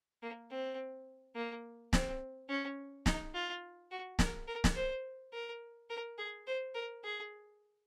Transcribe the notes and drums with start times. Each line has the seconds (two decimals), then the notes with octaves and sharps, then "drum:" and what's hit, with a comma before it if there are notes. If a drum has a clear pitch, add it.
0.22 A#3
0.50 C4
1.35 A#3
1.93 C4, drum: snare
2.49 C#4
3.06 D#4, drum: snare
3.34 F4
3.91 F#4
4.19 A#4, drum: snare
4.48 A#4
4.64 drum: snare
4.76 C5
5.33 A#4
5.90 A#4
6.18 G#4
6.47 C5
6.74 A#4
7.04 G#4